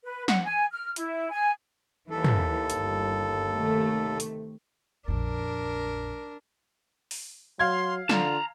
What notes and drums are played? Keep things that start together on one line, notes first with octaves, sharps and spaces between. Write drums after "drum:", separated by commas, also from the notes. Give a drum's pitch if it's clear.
B4
F#5, drum: snare
G#5
F6
E4, drum: hi-hat
G#5
D#2 E3 A4
drum: tom
G1, drum: hi-hat
C3 D#3 A3
drum: hi-hat
A#1 F2 D4 A#4
drum: open hi-hat
F#3 F5 C6 G#6
D3 F4 A5 A#5, drum: snare